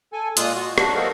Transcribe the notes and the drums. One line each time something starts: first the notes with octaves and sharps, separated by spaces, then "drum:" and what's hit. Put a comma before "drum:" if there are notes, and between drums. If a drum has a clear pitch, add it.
A4 G#5
A#2 G#3 A#3 F4 D#6 F#6, drum: hi-hat
F#4
F#3 D4 F#4, drum: rim click
A#3 C4 D#4 F#4 A4 A#4